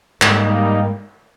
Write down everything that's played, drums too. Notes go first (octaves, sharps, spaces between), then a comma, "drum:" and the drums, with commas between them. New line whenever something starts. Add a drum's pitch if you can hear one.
G#2 G3 A#3 D#4, drum: clap